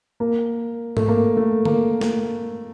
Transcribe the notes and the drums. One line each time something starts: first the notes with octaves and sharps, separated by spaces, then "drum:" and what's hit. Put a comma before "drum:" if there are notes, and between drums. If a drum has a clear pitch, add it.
A#3
A3, drum: tom G#2
A#3
A3
A#3, drum: tom D3
drum: snare